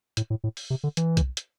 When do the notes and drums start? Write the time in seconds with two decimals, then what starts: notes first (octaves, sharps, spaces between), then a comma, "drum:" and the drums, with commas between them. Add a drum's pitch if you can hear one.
0.17 A2, drum: hi-hat
0.30 A2
0.44 A2
0.57 drum: open hi-hat
0.70 C3
0.84 D3
0.97 E3, drum: hi-hat
1.17 drum: kick B1, hi-hat
1.37 drum: hi-hat